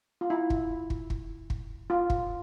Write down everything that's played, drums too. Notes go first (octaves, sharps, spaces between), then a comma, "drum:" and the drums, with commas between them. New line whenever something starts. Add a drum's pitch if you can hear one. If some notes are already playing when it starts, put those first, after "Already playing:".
F4
E4
drum: kick
drum: kick
drum: kick
drum: kick
F4
drum: kick